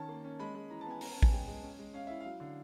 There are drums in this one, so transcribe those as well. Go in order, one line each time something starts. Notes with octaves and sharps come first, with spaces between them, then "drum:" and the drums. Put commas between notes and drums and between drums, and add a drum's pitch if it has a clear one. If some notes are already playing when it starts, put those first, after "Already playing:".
Already playing: D#3 C#4 A5
A#3
C#4
G#3 B5
G#3
E3 A#5
A5
B3 G#5
C#4 A#5, drum: open hi-hat
A5
C#4
G#5, drum: kick A1
G#3 G5
G#3
C#4
G#3
C#4 F5
E4 E5
F#3 F5
D3